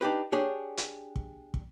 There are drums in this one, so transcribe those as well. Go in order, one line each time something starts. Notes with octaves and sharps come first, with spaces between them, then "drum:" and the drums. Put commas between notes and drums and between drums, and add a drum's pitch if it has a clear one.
D4 D#4 G4 B4
D4 G4 G#4 C#5
drum: hi-hat
drum: kick
drum: kick